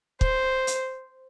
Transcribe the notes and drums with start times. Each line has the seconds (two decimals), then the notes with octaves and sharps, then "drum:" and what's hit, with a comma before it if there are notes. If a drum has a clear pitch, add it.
0.21 C5, drum: kick
0.67 drum: hi-hat